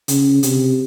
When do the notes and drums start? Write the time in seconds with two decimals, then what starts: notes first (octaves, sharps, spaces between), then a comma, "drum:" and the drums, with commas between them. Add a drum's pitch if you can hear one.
0.08 C#3, drum: hi-hat
0.43 C3, drum: hi-hat